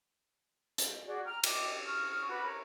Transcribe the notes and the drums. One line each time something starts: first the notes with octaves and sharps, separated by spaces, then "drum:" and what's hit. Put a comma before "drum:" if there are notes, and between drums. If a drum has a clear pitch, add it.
drum: hi-hat
F#4 G#4 D5
G5 A#5 F6
D5 D#5 G5 D6, drum: cymbal
C#6 D#6 F6
F#4 B4 B5 D6
A#4 C#5